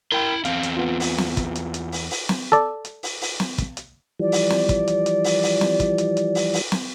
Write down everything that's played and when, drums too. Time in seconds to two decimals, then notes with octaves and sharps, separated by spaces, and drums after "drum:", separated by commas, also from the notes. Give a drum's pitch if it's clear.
0.12 E4 A#4 G5 B5 C6
0.45 E2 C4 F5, drum: hi-hat
0.63 drum: hi-hat
0.77 B3 F4
1.00 drum: open hi-hat
1.19 drum: snare
1.37 drum: kick, hi-hat
1.55 drum: hi-hat
1.74 drum: hi-hat
1.92 drum: open hi-hat
2.11 drum: open hi-hat
2.29 drum: snare
2.52 A4 D5
2.85 drum: hi-hat
3.03 drum: open hi-hat
3.21 drum: open hi-hat
3.40 drum: snare
3.58 drum: kick, hi-hat
3.77 drum: hi-hat
4.20 E3 F3 G3 D5
4.32 drum: open hi-hat
4.51 drum: snare
4.69 drum: kick, hi-hat
4.87 drum: hi-hat
5.06 drum: hi-hat
5.24 drum: open hi-hat
5.43 drum: open hi-hat
5.61 drum: snare
5.80 drum: kick, hi-hat
5.98 drum: hi-hat
6.17 drum: hi-hat
6.35 drum: open hi-hat
6.54 drum: open hi-hat
6.72 drum: snare